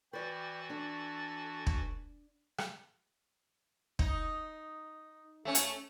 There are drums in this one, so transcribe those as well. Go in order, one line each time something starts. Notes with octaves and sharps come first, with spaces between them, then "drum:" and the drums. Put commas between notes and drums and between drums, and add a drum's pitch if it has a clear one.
E3 F#4 B4 D5 G5 A6
D4 A4
drum: kick
drum: rim click
D#4, drum: kick
A3 C#4
drum: hi-hat